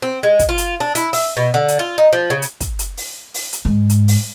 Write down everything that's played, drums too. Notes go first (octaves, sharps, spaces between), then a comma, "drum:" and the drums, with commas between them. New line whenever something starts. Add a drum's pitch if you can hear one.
C4
G#3
drum: kick, hi-hat
F4
drum: hi-hat
D4
E4, drum: hi-hat
E5, drum: open hi-hat
B2
D3
drum: hi-hat
F4
D#4
F3
C#3
drum: hi-hat
drum: kick, hi-hat
drum: hi-hat
drum: open hi-hat
drum: open hi-hat
drum: hi-hat
G#2
drum: hi-hat
drum: open hi-hat